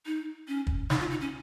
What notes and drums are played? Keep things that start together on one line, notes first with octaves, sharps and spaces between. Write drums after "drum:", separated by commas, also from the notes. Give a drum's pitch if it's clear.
D#4
C#4
drum: kick
D#4, drum: snare
F4
D#4
C#4